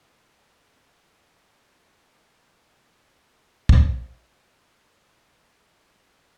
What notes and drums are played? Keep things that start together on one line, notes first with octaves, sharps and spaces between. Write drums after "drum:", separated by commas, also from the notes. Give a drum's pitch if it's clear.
F2
D4
A2
A4
A4
D#6
G1
F2
D6
drum: kick
G#2
G#2